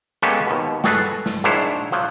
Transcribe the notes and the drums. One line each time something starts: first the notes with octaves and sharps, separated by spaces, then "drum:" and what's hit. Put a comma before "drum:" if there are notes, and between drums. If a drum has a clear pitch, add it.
G#3 A#3 B3 C#4 G4 A4
D#2 B2
F#4 G#4 A4 B4, drum: snare
drum: snare
A#1 G#2 D4 E4 C5 C#5
F3 F#3